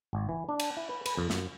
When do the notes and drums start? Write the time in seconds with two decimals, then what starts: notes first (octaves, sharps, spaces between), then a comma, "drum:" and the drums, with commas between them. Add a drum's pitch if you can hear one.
0.13 G#1
0.29 E3
0.49 D4
0.60 drum: cymbal
0.77 E4
0.89 B4
1.06 B4, drum: cymbal
1.17 F2
1.30 F#2, drum: snare